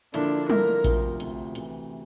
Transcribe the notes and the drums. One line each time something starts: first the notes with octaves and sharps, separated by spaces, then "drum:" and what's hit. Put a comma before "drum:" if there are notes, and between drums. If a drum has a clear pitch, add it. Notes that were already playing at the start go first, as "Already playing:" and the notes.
D3 F3 A#3 D4 E4 A4, drum: hi-hat
D3 F3 A#3 E4 A4 A#4, drum: tom
D2 C3 F3, drum: kick A#1, hi-hat
D2 C3 F3, drum: hi-hat
D2 C3 E3, drum: hi-hat